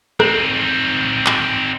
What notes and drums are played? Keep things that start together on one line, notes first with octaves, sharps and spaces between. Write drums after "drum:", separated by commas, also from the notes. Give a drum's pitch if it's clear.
C4 D#4, drum: rim click
drum: clap